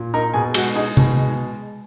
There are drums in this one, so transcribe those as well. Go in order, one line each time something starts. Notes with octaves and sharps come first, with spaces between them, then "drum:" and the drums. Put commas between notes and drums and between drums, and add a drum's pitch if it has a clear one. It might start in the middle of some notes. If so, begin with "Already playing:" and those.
Already playing: A#2
D#4 A#4 A#5
B2 G#4 G#5
G#3 F#4 F#5, drum: cymbal
D#4 G#4 G#5
B2, drum: tom C3
G#3